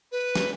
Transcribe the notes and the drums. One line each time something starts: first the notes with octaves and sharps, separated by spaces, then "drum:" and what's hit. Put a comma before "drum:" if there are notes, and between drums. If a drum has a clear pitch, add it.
B4
drum: snare